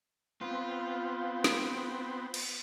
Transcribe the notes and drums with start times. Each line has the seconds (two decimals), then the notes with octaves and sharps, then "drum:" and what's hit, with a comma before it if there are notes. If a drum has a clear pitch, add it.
0.41 B3 C4 F4
1.44 drum: snare
2.34 drum: cymbal